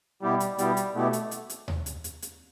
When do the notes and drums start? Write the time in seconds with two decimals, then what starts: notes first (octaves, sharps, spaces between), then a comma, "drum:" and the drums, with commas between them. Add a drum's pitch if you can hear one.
0.22 B2 G3 B3 E4 G4
0.40 drum: hi-hat
0.58 B2 G3 B3 E4 G4, drum: hi-hat
0.77 drum: hi-hat
0.95 B2 A3 B3 E4 G4
1.13 drum: hi-hat
1.31 drum: hi-hat
1.50 drum: hi-hat
1.68 drum: tom D#2
1.86 drum: hi-hat
2.04 drum: hi-hat
2.22 drum: hi-hat